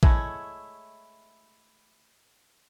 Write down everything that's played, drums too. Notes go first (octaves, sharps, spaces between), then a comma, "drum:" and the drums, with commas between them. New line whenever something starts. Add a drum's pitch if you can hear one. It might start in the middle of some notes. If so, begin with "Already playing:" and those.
G#3 A3 E4 C#5, drum: kick